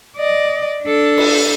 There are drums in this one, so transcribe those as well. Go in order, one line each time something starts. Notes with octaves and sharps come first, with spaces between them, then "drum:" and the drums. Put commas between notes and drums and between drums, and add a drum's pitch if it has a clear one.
D5 D#5
D4 A4
drum: cymbal